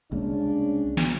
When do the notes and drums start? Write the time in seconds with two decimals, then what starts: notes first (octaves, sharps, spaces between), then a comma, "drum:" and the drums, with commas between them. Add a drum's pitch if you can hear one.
0.12 C2 C#3 G#3 A#3 C#4 D4
0.97 drum: snare